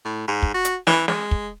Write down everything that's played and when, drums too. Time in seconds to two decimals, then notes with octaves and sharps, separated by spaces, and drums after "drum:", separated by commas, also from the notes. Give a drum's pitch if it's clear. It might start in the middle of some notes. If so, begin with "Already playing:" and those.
0.05 A2
0.28 G#2
0.42 drum: kick
0.54 F#4
0.65 drum: hi-hat
0.87 E3, drum: snare
1.08 G#3, drum: snare
1.31 drum: kick